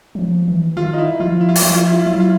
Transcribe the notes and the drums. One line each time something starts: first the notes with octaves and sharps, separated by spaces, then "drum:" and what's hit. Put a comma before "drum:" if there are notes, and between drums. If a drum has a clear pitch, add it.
F#3
F3
E3
D#3 F4
D#4
E4
F3 F4
E4
F4
E4, drum: open hi-hat
F3 F4
E4
F4
E4
F4
E4
F#3 F4
E4
F4